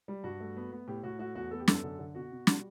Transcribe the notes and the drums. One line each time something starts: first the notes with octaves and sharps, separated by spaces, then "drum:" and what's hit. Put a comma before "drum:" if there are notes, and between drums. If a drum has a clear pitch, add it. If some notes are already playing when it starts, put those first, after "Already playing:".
G3
G2 F#4
A3
B3
B3
A2 G4
A2 F#4
A3 F#4
E2 F#4
B3 A4
G4
F#2 A4, drum: snare
D3
D3
B2 F#4
B2
G3, drum: snare